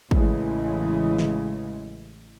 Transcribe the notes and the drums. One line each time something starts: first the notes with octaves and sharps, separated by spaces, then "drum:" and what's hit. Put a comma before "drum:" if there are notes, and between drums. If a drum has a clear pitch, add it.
A1 C#3 E3 G#3, drum: kick
drum: snare